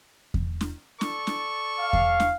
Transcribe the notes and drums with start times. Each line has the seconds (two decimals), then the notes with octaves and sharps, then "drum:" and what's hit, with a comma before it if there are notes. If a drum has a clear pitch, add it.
0.34 drum: kick E2
0.61 drum: snare
1.01 A4 D5 C#6, drum: snare
1.27 drum: snare
1.80 F5
1.93 drum: kick E2
2.20 drum: snare